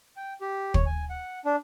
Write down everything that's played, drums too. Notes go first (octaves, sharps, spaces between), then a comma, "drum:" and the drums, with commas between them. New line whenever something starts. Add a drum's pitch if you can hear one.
G5
G4
C#5, drum: kick
G#5
F#5
D4